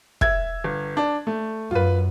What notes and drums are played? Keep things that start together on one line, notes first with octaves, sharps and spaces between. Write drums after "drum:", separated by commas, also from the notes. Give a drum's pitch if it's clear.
E5 G#6, drum: kick
G1
D4
A3
F#2 F4 B4